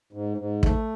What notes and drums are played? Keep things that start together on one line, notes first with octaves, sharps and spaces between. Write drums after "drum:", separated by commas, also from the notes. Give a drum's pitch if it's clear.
G#2
G#2
A3, drum: kick